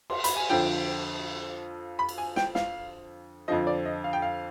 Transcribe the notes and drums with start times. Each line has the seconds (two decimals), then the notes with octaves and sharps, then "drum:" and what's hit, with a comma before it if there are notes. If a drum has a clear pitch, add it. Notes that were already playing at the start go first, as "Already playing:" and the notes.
0.10 C6, drum: cymbal
0.24 B5, drum: hi-hat
0.36 G#5
0.49 F2 D3 F3 G5
1.99 B5
2.09 drum: cymbal
2.18 G#5
2.36 G5, drum: snare
2.55 F5, drum: snare
3.48 F2 D3 F3 D#5
3.67 D5
3.85 D#5
4.04 F5
4.13 G5
4.22 F5